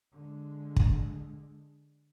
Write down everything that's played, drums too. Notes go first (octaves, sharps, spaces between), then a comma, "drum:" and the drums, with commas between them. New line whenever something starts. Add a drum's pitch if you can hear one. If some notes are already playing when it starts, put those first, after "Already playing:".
D3 G#3
drum: kick